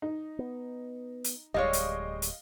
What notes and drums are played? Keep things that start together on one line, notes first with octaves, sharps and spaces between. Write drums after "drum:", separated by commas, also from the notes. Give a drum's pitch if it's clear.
D#4
B3
drum: hi-hat
D1 G3 G#3 C#5 D#5 F5
drum: hi-hat
drum: hi-hat